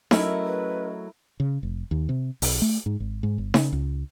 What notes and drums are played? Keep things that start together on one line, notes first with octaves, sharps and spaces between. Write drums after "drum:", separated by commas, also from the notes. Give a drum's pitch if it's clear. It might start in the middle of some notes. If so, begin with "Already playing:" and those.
F#3 A3 C#4 E4 A#4 D#5, drum: snare D#4
B4
C#3
F1
D#2
C3
B1, drum: open hi-hat
A3
G#2
G#1
G#2
G1
C#3, drum: snare D#4
C#2